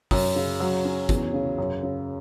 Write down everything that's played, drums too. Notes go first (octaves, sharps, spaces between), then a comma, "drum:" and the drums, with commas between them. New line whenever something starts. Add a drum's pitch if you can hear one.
F#2, drum: kick, open hi-hat
C#3
F#3
C#4
E2, drum: kick, hi-hat
C#3
F#2
C#3